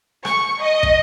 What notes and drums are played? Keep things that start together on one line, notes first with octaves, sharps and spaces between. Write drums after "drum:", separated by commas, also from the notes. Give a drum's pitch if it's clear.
C#6, drum: rim click
D#5
drum: kick